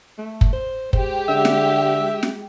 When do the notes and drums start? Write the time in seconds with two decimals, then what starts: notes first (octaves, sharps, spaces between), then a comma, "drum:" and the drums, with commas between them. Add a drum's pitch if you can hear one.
0.18 A3
0.41 drum: kick
0.53 C5
0.93 G#3 G4 C5, drum: kick
1.28 D3 E5
1.45 drum: snare
2.23 drum: snare